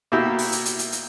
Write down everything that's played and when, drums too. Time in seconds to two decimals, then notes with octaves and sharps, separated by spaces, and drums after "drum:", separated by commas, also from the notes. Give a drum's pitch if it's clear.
0.12 B2 A#3 E4 G4
0.39 drum: open hi-hat
0.52 drum: hi-hat
0.65 drum: hi-hat
0.79 drum: hi-hat
0.92 drum: hi-hat